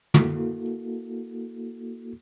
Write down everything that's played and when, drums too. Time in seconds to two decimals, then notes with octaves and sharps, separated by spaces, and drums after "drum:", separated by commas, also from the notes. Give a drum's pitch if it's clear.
0.14 A#3 E4 F#4 A4, drum: tom